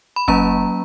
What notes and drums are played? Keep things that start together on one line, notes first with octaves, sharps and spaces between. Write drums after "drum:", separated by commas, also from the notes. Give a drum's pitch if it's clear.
B5
F#3 A#3 C#4 A#5, drum: kick F#1